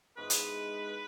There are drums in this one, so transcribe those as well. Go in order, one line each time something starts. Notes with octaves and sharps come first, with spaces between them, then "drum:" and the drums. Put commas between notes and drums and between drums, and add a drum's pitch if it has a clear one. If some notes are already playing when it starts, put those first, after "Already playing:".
G#2 G#3 B3 E4 B4
drum: hi-hat